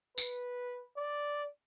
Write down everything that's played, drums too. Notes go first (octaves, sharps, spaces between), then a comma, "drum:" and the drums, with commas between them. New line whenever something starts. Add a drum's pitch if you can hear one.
B4, drum: tambourine
D5